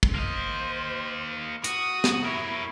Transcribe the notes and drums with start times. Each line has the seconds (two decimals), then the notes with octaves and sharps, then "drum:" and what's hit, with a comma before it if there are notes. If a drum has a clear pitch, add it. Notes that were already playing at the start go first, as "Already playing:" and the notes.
0.03 drum: kick
0.15 A#3 C5 D#5
1.64 F#4 D#6, drum: hi-hat
2.04 drum: snare
2.25 E4 A#4 C#5